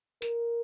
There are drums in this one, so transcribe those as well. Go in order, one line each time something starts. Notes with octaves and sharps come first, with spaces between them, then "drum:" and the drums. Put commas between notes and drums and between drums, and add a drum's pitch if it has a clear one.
A#4, drum: tambourine